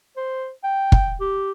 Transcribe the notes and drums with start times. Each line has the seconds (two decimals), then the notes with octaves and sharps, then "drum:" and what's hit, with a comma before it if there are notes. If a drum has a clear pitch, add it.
0.17 C5
0.64 G5
0.92 drum: kick
1.21 G4